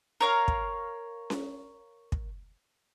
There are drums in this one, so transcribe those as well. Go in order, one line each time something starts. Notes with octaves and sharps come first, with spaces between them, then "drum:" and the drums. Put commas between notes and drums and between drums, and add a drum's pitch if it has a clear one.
A#4 C#5 F5
drum: kick
drum: snare C#4
drum: kick